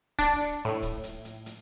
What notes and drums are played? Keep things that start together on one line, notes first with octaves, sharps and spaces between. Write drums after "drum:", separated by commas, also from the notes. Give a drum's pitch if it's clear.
D4, drum: kick, hi-hat
drum: open hi-hat
A2
drum: kick, hi-hat
drum: hi-hat
drum: hi-hat
drum: hi-hat